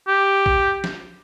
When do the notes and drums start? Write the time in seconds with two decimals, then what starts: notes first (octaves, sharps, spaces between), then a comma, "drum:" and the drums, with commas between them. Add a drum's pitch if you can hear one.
0.08 G4
0.46 drum: kick A#1
0.84 drum: snare